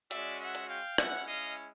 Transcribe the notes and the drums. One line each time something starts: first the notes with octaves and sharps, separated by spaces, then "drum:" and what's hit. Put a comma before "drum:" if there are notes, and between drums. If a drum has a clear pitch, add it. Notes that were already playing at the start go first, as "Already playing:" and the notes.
G#3 C#4 F#4 D5 E5, drum: hi-hat
E5 F#5
drum: hi-hat
F5 G5
G#3 C#4 E4 E5 F#5, drum: rim click
D#5 F5